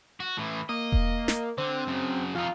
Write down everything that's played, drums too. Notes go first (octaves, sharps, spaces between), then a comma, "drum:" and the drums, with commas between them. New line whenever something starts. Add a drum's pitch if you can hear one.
F#4
A2 E3
A#3 D#5
drum: kick E1
drum: snare
D3 C4
F#2 C#3
F2 D#4 F4